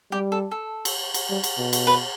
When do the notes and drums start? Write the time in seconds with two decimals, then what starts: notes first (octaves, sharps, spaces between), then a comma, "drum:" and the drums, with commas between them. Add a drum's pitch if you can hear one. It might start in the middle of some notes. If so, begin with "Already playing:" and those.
0.12 G3 G4
0.32 A4
0.51 A4
0.85 drum: cymbal
1.14 drum: cymbal
1.29 G3
1.44 drum: cymbal
1.58 B2
1.73 drum: cymbal
1.87 B4